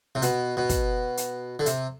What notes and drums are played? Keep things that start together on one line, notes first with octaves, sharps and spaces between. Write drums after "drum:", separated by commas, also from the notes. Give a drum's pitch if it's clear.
C3
B2, drum: hi-hat
B2
drum: kick, hi-hat
drum: hi-hat
D3
C3, drum: hi-hat